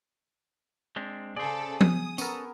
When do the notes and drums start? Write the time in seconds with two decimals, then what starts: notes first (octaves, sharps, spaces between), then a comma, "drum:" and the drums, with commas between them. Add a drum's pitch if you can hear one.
0.96 G#3 C4 D4
1.36 C#3 G#4 A4 C5 D5
1.81 D#6, drum: tom F3
2.18 B3 C#4 A4 A#4, drum: tambourine